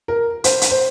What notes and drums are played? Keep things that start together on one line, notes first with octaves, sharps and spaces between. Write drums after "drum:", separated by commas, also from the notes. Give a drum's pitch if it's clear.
A#4
C5, drum: hi-hat
drum: hi-hat
C5